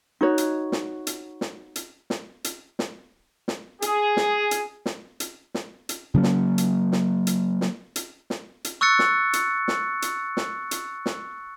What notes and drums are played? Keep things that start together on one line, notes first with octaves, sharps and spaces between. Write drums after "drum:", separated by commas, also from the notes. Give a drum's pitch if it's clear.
D#4 F#4 C#5
drum: hi-hat
drum: snare
drum: hi-hat
drum: snare
drum: hi-hat
drum: snare
drum: hi-hat
drum: snare
drum: snare
G#4, drum: hi-hat
drum: snare
drum: hi-hat
drum: snare
drum: hi-hat
drum: snare
drum: hi-hat
C#3 F#3 A#3 C#4
drum: snare
drum: hi-hat
drum: snare
drum: hi-hat
drum: snare
drum: hi-hat
drum: snare
drum: hi-hat
C#6 E6 F#6 A6 C#7
drum: snare
drum: hi-hat
drum: snare
drum: hi-hat
drum: snare
drum: hi-hat
drum: snare